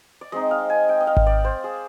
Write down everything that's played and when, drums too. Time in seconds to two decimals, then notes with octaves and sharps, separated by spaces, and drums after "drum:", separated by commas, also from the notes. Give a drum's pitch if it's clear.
0.21 D5
0.32 G#3 C4 D#4 D#5
0.51 F5
0.70 G#5
0.89 G5
1.01 D#5
1.07 F5
1.17 drum: kick G#1
1.27 D5
1.45 C5
1.64 G#4